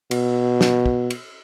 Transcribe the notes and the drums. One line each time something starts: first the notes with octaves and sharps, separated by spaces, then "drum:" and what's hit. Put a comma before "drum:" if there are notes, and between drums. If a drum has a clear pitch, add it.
B2, drum: cymbal
drum: snare
drum: kick
drum: cymbal